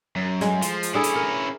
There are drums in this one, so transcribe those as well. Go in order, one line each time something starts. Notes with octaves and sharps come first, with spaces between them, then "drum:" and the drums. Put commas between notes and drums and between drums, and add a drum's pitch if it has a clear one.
F#2
G#3, drum: snare
F3, drum: hi-hat
drum: hi-hat
C#4 D4 E4 G#4 A4
drum: hi-hat
A#4